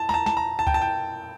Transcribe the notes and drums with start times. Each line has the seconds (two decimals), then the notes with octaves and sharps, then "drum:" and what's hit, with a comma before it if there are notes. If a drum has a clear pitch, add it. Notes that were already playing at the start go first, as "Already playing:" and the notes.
Already playing: A5
0.09 A#5, drum: snare
0.14 A5
0.26 A5, drum: snare
0.37 A#5
0.59 A5
0.67 G5, drum: kick C#2
0.74 A5
0.82 G5